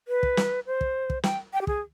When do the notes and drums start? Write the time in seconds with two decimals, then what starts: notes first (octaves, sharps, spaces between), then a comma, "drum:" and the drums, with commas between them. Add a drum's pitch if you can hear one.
0.08 B4
0.23 drum: kick
0.37 drum: snare
0.67 C5
0.81 drum: kick
1.10 drum: kick
1.24 G5, drum: snare
1.53 G5
1.61 G4
1.67 G#4, drum: kick